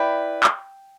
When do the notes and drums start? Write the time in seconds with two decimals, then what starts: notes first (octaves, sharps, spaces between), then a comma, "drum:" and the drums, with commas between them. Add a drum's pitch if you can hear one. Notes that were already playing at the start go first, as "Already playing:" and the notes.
Already playing: E4 B4 D5 G5
0.43 drum: clap